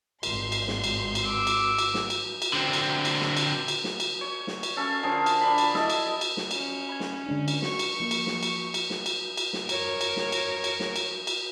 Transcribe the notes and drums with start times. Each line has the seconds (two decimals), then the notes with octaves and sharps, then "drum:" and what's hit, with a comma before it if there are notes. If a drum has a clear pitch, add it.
0.23 G#1 C6, drum: cymbal
0.52 drum: cymbal
0.68 drum: snare
0.84 drum: cymbal
1.15 drum: cymbal
1.25 D6 E6
1.47 drum: cymbal
1.78 drum: cymbal
1.94 drum: snare
2.10 drum: cymbal
2.42 drum: cymbal
2.53 D3 C4
2.73 drum: cymbal
3.05 drum: cymbal
3.21 drum: snare
3.37 drum: cymbal
3.68 drum: cymbal
3.84 drum: snare
4.00 drum: cymbal
4.21 C#5
4.47 drum: snare
4.63 drum: cymbal
4.77 C#4 A4 F5
5.03 D3 F3 G#4 A#4
5.26 drum: cymbal
5.41 D4 B5
5.58 drum: cymbal
5.75 E4 A4 D#5, drum: snare
5.90 drum: cymbal
6.21 drum: cymbal
6.37 drum: snare
6.51 C#4, drum: cymbal
6.89 B5 G#6
7.00 drum: snare
7.26 D3 G#3 D4
7.48 drum: cymbal
7.62 F#4 C#6, drum: snare
7.79 drum: cymbal
8.00 F3 A#3
8.11 drum: cymbal
8.27 drum: snare
8.43 drum: cymbal
8.74 drum: cymbal
8.90 drum: snare
9.06 drum: cymbal
9.37 drum: cymbal
9.53 drum: snare
9.69 A#4 C#5, drum: cymbal
10.01 drum: cymbal
10.17 drum: snare
10.32 drum: cymbal
10.64 drum: cymbal
10.80 drum: snare
10.96 drum: cymbal
11.27 drum: cymbal